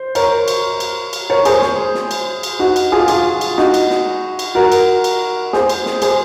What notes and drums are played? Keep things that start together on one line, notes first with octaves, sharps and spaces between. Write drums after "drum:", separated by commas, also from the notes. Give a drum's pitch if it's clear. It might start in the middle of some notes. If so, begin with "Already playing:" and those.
Already playing: C5
A#4 C#5, drum: cymbal
drum: cymbal
drum: cymbal
drum: cymbal
A#4 C#5
G#4 C5, drum: cymbal
drum: snare
drum: snare
drum: cymbal
drum: cymbal
D#4 F#4
drum: cymbal
F4 G#4
F4 G#4, drum: cymbal
drum: cymbal
D#4 F#4, drum: snare
drum: cymbal
drum: snare
drum: cymbal
F#4 A#4
drum: cymbal
drum: cymbal
G#4 C5, drum: snare
drum: cymbal
drum: snare
G#4 C5, drum: cymbal